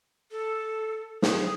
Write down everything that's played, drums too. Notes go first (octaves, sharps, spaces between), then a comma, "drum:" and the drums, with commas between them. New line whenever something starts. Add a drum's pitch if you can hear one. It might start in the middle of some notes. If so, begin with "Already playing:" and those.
A4
G#4, drum: snare